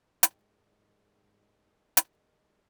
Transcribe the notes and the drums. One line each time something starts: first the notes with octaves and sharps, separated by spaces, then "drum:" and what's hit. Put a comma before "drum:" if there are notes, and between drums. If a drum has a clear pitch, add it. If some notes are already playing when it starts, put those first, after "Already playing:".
G#2 D#3 G3 G#3 G5 A5, drum: hi-hat
drum: hi-hat